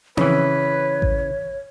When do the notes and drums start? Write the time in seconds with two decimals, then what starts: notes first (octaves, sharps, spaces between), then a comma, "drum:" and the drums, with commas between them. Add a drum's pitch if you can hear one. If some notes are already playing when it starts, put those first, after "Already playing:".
0.17 C#3 E3 B4 C#5, drum: tom C4
1.02 drum: kick A1